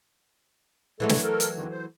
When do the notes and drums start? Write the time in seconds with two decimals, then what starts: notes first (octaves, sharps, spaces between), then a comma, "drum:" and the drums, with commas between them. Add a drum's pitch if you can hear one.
1.00 E3 F#3 G#3 A3 A4
1.09 drum: snare
1.22 A4 A#4
1.40 drum: hi-hat
1.54 E2 D3 D#3
1.71 C5